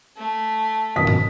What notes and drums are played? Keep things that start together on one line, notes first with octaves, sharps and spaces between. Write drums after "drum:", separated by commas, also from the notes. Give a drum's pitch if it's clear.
A3
F#2 B2 D#3 D#6 B6
drum: tom